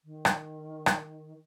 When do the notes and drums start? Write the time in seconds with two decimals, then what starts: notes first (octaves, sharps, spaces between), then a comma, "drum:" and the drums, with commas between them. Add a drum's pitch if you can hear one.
0.04 D#3
0.25 drum: rim click
0.86 drum: rim click